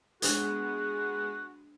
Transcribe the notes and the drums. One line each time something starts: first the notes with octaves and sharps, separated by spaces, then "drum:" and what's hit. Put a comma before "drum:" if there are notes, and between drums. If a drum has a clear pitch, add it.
G#3 B3 D4 F#4 G#4 G#6, drum: hi-hat